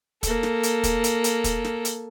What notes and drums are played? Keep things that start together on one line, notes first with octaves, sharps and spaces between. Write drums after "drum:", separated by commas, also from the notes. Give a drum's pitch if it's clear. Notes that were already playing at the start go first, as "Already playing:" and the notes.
A#3 A4, drum: kick, hi-hat
drum: snare
drum: hi-hat
drum: kick, hi-hat
drum: hi-hat
drum: hi-hat
drum: kick, hi-hat
drum: snare
drum: hi-hat